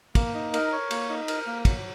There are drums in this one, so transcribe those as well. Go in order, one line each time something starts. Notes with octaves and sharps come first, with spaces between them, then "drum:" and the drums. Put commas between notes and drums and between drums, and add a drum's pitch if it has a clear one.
A#3, drum: kick, cymbal
D#4
A#4, drum: cymbal
C#5
A#3, drum: cymbal
D#4
A#4, drum: cymbal
A#3
F#3, drum: kick, cymbal